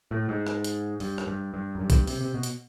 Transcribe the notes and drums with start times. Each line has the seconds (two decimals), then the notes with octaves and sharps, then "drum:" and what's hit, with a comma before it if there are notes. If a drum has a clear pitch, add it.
0.11 A2
0.29 G#2
0.47 drum: rim click
0.64 drum: hi-hat
1.00 G2, drum: open hi-hat
1.18 drum: rim click
1.27 G2
1.54 G2
1.75 F#2
1.81 G2
1.90 drum: kick B1, hi-hat
2.07 C3, drum: open hi-hat
2.21 C3
2.34 B2
2.43 drum: hi-hat